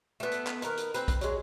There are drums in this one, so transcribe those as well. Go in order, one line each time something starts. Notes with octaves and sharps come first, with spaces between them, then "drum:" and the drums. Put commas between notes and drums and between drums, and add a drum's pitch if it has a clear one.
A3 B3
drum: hi-hat
drum: clap
D#3 A#4 B4, drum: hi-hat
drum: hi-hat
C4 B4, drum: hi-hat
drum: kick A#1, hi-hat
F#3 G#3, drum: hi-hat